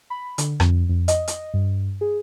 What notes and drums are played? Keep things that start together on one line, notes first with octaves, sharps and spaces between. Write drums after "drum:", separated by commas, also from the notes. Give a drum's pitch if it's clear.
B5
D3, drum: hi-hat
F2, drum: rim click
F2
D#5, drum: hi-hat
drum: hi-hat
G2
G#4